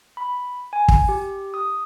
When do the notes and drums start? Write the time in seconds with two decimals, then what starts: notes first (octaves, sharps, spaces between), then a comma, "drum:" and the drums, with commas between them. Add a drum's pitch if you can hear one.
0.17 B5
0.73 G#5
0.88 drum: kick
1.09 G4
1.54 D#6